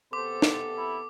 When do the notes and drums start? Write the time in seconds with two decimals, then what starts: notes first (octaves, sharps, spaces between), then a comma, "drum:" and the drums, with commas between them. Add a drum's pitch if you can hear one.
0.13 C3 B3 A4 C5 D6
0.42 drum: snare
0.77 E4